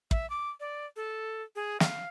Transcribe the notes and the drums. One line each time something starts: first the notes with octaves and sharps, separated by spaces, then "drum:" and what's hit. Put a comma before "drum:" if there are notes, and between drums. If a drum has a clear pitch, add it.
E5, drum: kick
D6
D5
A4
G#4
F5, drum: snare